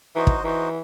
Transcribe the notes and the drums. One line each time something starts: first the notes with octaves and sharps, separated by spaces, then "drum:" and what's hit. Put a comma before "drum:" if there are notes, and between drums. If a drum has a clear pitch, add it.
E3 D#4 F#4 C5 D#5
drum: kick
E3 D#4 F#4 C5 D#5